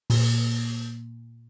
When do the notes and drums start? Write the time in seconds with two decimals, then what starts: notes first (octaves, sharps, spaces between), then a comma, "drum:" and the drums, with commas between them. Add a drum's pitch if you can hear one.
0.10 A#2, drum: open hi-hat